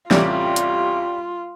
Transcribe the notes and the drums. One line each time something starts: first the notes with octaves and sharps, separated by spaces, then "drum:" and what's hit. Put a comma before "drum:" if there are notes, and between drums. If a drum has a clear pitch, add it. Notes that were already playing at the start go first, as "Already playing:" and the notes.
A1 C3 G3 F4 D5, drum: snare
drum: hi-hat